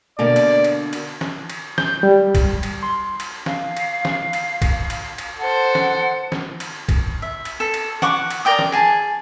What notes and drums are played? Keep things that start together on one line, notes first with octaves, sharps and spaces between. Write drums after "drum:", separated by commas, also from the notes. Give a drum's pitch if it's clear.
B2 D3 A#3 D5
drum: cymbal
drum: cymbal
drum: cymbal
drum: snare
drum: cymbal
G6, drum: snare
G3
drum: kick, cymbal
drum: cymbal
C6
drum: cymbal
F5, drum: snare
drum: cymbal
drum: snare
drum: cymbal
drum: kick, cymbal
drum: cymbal
drum: cymbal
A4 C5 F#5
drum: snare
drum: snare
drum: cymbal
drum: kick, cymbal
E5
drum: cymbal
A4
drum: cymbal
F#5 C#6 D6, drum: snare
drum: cymbal
A#4 D5 G5 D#6
drum: snare
G#4 G#5 A5